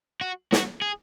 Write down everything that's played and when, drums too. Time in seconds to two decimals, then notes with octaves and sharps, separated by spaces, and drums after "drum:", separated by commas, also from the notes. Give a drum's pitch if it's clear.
0.21 F#4
0.52 F#4, drum: snare
0.82 G#4